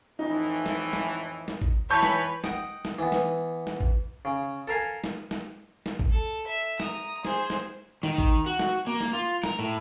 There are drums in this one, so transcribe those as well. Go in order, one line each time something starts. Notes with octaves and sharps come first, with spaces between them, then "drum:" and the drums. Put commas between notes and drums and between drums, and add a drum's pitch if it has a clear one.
F2 A2 E3 D#4
drum: snare
drum: snare
drum: snare
drum: kick
E3 B4 C#5 A5 B5 C#6 G6
drum: snare
D#5 F#5 G5, drum: snare
drum: snare
E3 B3
drum: snare
drum: snare
drum: kick
C#3
A4 A#4 F5 G#5
drum: snare
drum: snare
drum: snare
drum: kick
A4
E5
A#5 D#6, drum: snare
G#4 C5, drum: snare
drum: snare
D#3, drum: snare
drum: kick
F#4
drum: snare
A#3
drum: snare
F4
A#4, drum: snare
A2